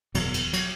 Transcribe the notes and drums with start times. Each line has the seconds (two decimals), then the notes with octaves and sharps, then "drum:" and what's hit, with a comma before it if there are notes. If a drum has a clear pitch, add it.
0.14 F#1 E2 B2 F#3, drum: cymbal
0.34 drum: cymbal
0.53 F#3, drum: cymbal